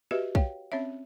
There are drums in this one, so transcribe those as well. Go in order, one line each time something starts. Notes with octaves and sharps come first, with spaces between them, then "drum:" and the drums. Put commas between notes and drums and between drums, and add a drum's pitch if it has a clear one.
F#4 G4 B4 D#5 E5
C#5 F5 G5, drum: kick
C4 C#4 C#5 E5